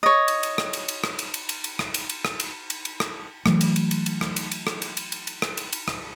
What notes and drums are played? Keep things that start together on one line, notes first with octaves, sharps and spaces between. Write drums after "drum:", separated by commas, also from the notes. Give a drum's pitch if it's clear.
C#5 D#5
drum: cymbal
drum: cymbal
drum: rim click
drum: cymbal
drum: cymbal
drum: rim click
drum: cymbal
drum: cymbal
drum: cymbal
drum: cymbal
drum: rim click
drum: cymbal
drum: cymbal
drum: rim click
drum: cymbal
drum: cymbal
drum: cymbal
drum: rim click
E3 F#3 A3, drum: rim click
drum: cymbal
drum: cymbal
drum: cymbal
drum: cymbal
drum: rim click
drum: cymbal
drum: cymbal
drum: rim click
drum: cymbal
drum: cymbal
drum: cymbal
drum: cymbal
drum: rim click
drum: cymbal
drum: cymbal
drum: rim click